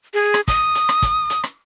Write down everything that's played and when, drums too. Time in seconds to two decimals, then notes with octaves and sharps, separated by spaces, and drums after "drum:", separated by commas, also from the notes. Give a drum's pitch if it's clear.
0.14 G#4
0.34 drum: rim click
0.48 D#6, drum: kick, hi-hat
0.75 drum: hi-hat
0.89 drum: rim click
1.02 drum: kick, hi-hat
1.30 drum: hi-hat
1.44 drum: rim click